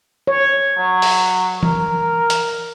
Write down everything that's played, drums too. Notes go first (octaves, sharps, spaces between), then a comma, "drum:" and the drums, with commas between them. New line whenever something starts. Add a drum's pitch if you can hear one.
C#5
F#3
drum: open hi-hat
A#4, drum: tom E3
drum: hi-hat